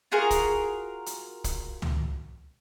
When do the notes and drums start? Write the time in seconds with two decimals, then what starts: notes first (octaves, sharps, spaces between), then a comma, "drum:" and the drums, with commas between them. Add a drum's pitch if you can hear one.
0.12 F4 F#4 G#4 A#4
0.31 drum: kick, hi-hat
1.06 drum: hi-hat
1.44 drum: kick, hi-hat
1.82 drum: tom C#2